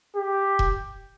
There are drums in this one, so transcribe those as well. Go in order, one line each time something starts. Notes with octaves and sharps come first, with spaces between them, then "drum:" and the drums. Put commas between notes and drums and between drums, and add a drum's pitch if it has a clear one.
G4
drum: kick E1